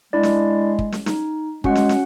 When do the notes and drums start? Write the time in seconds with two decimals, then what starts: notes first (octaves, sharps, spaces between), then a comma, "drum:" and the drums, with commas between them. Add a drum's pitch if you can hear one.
0.13 G#3 D4 E4 D5
0.23 drum: snare
0.79 drum: kick
0.92 drum: snare
1.06 D#4, drum: snare
1.64 G#3 C#4 F#4 F#5, drum: kick
1.75 drum: snare
1.89 drum: snare